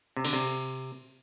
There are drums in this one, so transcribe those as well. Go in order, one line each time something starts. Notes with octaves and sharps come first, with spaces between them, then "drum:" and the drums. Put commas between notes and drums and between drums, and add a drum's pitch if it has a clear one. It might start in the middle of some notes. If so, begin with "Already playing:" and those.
C3
D3, drum: cymbal
C3